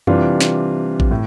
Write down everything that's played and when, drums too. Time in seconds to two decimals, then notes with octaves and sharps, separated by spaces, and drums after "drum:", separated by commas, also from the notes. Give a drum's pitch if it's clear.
0.07 C3 E3 G3 D4 F4, drum: tom F2
0.41 drum: snare
1.00 drum: kick A1
1.11 A2